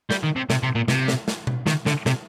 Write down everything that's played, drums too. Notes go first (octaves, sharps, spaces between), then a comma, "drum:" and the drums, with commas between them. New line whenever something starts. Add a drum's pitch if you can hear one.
G3, drum: snare
D#3
C3
C3, drum: snare
C3
A#2
C3, drum: snare
drum: snare
drum: snare
drum: tom B2
D#3, drum: snare
D3, drum: snare
C3, drum: snare